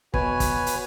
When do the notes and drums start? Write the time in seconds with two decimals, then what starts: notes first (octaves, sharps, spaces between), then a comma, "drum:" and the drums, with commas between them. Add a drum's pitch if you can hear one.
0.14 B2 F#4 B4 C#5 G#5, drum: kick
0.40 drum: kick, hi-hat
0.66 drum: hi-hat